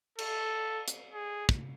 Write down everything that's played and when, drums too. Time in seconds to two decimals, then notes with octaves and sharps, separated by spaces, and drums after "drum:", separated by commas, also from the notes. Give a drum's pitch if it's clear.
0.19 A4, drum: cymbal
0.88 drum: hi-hat
1.13 G#4
1.49 drum: kick